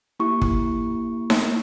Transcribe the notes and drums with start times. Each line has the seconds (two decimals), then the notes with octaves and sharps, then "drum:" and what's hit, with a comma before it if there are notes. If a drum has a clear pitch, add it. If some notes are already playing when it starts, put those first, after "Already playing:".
0.19 A#3 E4 G4 C#6
0.42 drum: kick
1.30 drum: snare D#4